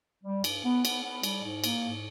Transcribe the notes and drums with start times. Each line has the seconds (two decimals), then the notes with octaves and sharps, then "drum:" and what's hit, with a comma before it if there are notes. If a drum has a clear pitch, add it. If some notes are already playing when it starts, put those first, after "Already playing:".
0.24 G3
0.44 G2, drum: cymbal
0.65 B3
0.85 B3, drum: cymbal
1.04 B3
1.23 G3, drum: cymbal
1.43 G#2
1.64 A#3, drum: cymbal
1.83 G#2